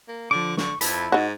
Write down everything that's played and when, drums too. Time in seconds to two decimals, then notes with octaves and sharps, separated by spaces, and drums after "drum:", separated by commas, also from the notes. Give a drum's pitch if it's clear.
0.08 A#3
0.31 D3 F3 D6
0.57 D3 C#6, drum: snare
0.81 F2 E4 A5 B5, drum: hi-hat
1.12 G#2 D#4 F#4